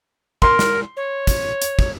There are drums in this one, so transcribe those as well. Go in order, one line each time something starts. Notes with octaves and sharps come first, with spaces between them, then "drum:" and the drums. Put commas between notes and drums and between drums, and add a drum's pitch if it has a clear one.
A#4 C6, drum: kick
drum: snare
C#5
drum: kick, hi-hat
drum: hi-hat
drum: kick